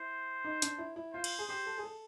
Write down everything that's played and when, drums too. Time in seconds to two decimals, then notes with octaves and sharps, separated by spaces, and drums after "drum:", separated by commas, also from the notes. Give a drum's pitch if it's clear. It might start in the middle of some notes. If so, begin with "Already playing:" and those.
Already playing: E4 C5
0.44 D#4
0.62 D4, drum: hi-hat
0.78 E4
0.96 E4
1.14 F4 C5
1.24 drum: cymbal
1.39 G#4
1.48 G4 C5
1.66 A4
1.78 G#4
1.83 A4